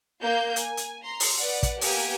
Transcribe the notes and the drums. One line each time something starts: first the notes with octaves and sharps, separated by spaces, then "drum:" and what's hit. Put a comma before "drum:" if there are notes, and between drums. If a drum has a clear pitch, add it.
A#3 F5 G6
G#5, drum: hi-hat
drum: hi-hat
A#5 C6
drum: open hi-hat
B4 D5 F#5
drum: kick, hi-hat
A#3 B3 G4 A#4 G#5, drum: open hi-hat